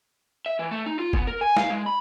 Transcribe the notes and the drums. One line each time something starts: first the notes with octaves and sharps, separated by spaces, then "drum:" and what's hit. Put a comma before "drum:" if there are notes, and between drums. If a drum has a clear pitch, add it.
E5
E3
A3
D#4
F4
B3, drum: kick F1
A#4
G#5
F5, drum: snare
G#3
B5